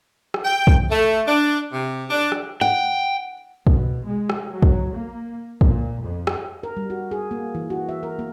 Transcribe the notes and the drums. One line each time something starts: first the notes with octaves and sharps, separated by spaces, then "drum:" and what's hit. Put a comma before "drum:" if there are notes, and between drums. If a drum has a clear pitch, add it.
drum: rim click
G5
drum: kick
A3
D4
C3
D4
drum: rim click
F#5 G5
B2, drum: kick
G#3
drum: rim click
F#3
drum: kick
A#3
A#2, drum: kick
F2
drum: rim click
A#4
G3
F#4
G#4
A#3
E3
F#4
E5
A#4
A#3